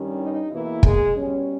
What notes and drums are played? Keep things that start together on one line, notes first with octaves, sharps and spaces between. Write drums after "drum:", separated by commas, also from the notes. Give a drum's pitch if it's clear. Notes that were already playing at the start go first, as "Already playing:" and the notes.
Already playing: G2 D#3 G3 C#4
D#4
E2 B2 E3 A#3 E4
G#3 G#4, drum: kick
B2 G3 C#4